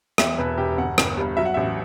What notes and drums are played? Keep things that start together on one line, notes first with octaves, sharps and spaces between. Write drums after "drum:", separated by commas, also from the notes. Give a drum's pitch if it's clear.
E2 E5, drum: rim click
E1 B4
E1 G4
G1 F#5
G1, drum: rim click
G2
F#3 E5
F#5
A1 E5